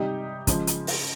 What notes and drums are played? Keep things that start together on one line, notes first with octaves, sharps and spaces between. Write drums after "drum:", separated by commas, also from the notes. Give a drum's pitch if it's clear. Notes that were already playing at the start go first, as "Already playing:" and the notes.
Already playing: C3 G3 D#4 G4
C#3 F3 G#3, drum: kick, hi-hat
drum: hi-hat
drum: open hi-hat